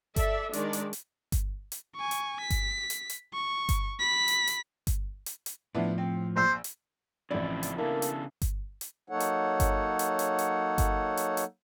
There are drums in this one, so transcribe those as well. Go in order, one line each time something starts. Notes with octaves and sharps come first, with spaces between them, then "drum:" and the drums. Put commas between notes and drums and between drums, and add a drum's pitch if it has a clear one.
A4 D5 E5, drum: kick G1, hi-hat
D#3 G#3 D4 D5, drum: hi-hat
drum: hi-hat
drum: hi-hat
drum: kick G1, hi-hat
drum: hi-hat
G#5 C#6
drum: hi-hat
B6
drum: kick G1, hi-hat
drum: hi-hat
drum: hi-hat
C#6
drum: kick G1, hi-hat
B5 B6
drum: hi-hat
drum: hi-hat
drum: kick G1, hi-hat
drum: hi-hat
drum: hi-hat
A2 F3 B3 D4 E4
C4
A#1 C5 E6
drum: hi-hat
A1 C#3 F3 C4 E4 D5
drum: hi-hat
C#3 A#3 B3 D4 E4 A4
drum: hi-hat
drum: kick G1, hi-hat
drum: hi-hat
F#3 A#3 D#4 A4 C#5 F#5
drum: hi-hat
drum: kick G1, hi-hat
drum: hi-hat
drum: hi-hat
drum: hi-hat
drum: kick G1, hi-hat
drum: hi-hat
drum: hi-hat